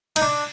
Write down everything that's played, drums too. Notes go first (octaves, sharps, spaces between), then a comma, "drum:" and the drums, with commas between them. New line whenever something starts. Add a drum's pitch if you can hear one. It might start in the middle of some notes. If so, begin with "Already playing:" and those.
D#4, drum: cymbal
D4